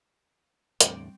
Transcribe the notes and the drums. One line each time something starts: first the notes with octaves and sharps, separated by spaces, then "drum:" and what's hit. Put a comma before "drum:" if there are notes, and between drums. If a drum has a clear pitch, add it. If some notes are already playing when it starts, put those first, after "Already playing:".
E2 A2 D3 G3 C4 D7, drum: hi-hat